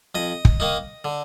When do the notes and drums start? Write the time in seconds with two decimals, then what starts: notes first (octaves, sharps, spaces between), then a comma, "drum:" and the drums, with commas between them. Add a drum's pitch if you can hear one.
0.15 F2 D#5
0.45 drum: kick
0.60 D#3 A#3 D#4
1.04 D3